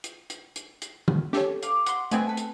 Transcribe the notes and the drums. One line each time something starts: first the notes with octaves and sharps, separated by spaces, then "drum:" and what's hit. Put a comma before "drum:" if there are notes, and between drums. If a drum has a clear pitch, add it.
drum: hi-hat
drum: hi-hat
drum: hi-hat
drum: hi-hat
drum: tom D3
G4 A4 C#5, drum: snare
F5 D6, drum: hi-hat
F#5 C6, drum: hi-hat
A3 B3 C4 B4 D#5 G#5, drum: hi-hat
A4 B4
drum: hi-hat